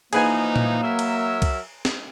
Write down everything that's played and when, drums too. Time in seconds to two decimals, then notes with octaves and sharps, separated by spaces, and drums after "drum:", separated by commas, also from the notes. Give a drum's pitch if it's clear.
0.13 E3 F3 A#3 D#4 G#4 B4 G#5, drum: cymbal
0.56 drum: tom A#2
0.81 F#3 A#4 E5
0.99 drum: cymbal
1.42 drum: kick C2, cymbal
1.85 drum: snare